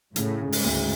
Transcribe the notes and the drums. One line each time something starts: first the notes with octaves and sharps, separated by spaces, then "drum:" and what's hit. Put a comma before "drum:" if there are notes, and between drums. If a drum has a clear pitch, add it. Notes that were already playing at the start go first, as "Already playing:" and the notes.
A2 C#3, drum: hi-hat
C#3
G#2, drum: open hi-hat
D2